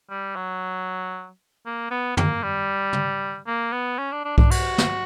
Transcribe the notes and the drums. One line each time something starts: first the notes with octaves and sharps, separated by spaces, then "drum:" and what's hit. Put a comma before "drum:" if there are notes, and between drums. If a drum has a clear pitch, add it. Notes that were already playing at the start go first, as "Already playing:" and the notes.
G3
F#3
A#3
B3
A#3, drum: tom
G3
drum: tom
A#3
B3
C#4
D4
D4
D4, drum: kick B1
F#4, drum: cymbal
drum: snare